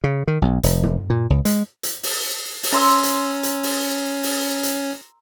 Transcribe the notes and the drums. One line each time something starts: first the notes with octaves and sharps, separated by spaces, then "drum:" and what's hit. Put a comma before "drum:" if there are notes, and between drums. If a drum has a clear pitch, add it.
C#3
D#3
B1
F1, drum: hi-hat
drum: tom
A#2
C#2
G#3, drum: hi-hat
drum: hi-hat
drum: open hi-hat
drum: open hi-hat
C#4 A#5 C6 E6
drum: hi-hat
drum: hi-hat
drum: open hi-hat
drum: open hi-hat
drum: hi-hat